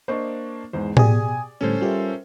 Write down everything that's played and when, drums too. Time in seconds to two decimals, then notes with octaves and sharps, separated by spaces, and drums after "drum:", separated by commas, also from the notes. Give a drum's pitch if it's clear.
0.08 A#3 D4 C5 D#5 C#6
0.73 E2 G#2 C5
0.97 B2 G4 G#4 D5 G#5 D#6, drum: tom A2
1.61 A2 D3 G3 C#4 A4 C5
1.81 G3 F4 G4 A#4 E5